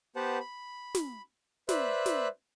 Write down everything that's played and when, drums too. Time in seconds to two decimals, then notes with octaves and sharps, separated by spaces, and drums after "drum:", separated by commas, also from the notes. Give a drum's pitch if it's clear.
0.16 B3 G4 B4 C5 F#5 A5
0.40 B5
0.95 drum: snare
1.69 B4 C5 D5 E5 E6 F#6, drum: snare
2.06 drum: snare